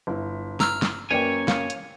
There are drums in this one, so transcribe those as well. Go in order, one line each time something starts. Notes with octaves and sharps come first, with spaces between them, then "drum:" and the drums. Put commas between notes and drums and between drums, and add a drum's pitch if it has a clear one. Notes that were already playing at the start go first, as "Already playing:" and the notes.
G1 E4
A#5 E6 F6, drum: snare
drum: snare
F#2 A#3 B4 C#5 D5 G5 G#5 D#7
F5, drum: snare
drum: hi-hat